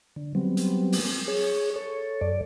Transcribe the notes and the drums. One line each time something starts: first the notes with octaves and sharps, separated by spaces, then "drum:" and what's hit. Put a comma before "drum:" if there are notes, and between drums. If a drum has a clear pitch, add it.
D3
F#3 G3 B3 C4
drum: hi-hat
drum: open hi-hat
G#4 C#5
A4 C#5
F#2 D5